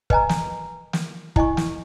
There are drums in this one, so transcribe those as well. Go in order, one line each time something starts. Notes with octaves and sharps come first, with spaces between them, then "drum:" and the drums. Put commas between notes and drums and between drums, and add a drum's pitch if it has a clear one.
B4 D#5 G#5 A#5, drum: kick
drum: snare
drum: snare
E4 D#5 G#5 C#6, drum: kick
drum: snare